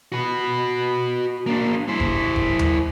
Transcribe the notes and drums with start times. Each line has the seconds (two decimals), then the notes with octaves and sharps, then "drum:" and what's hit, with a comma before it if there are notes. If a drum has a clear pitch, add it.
0.12 F#4 B4
1.46 A#3 D4
1.88 E4 C5
2.00 drum: kick F1
2.36 drum: kick F1
2.59 drum: tom D#2